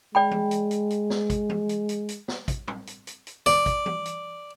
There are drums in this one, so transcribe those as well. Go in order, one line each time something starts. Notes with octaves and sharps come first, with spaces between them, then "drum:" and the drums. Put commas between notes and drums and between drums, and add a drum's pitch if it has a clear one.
G#3 D5 G5 B5
drum: tom E3
drum: hi-hat
drum: hi-hat
drum: hi-hat
drum: snare
drum: kick, hi-hat
drum: tom E3
drum: hi-hat
drum: hi-hat
drum: hi-hat
drum: snare
drum: kick, hi-hat
drum: tom
drum: hi-hat
drum: hi-hat
drum: hi-hat
D5, drum: snare
drum: kick, hi-hat
drum: tom E3
drum: hi-hat